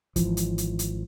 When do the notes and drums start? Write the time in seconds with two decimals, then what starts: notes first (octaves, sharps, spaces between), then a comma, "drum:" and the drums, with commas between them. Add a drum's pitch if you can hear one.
0.16 G#1 C#2 E3 F3, drum: kick, hi-hat
0.37 drum: hi-hat
0.58 drum: hi-hat
0.79 drum: hi-hat